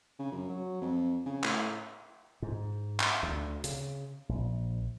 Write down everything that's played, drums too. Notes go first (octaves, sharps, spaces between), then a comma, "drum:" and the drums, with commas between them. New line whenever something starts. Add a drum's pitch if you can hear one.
C#3
F#2
F#3
F2
C#3
A2, drum: clap
G#2
drum: clap
D2
C#3, drum: hi-hat
A#1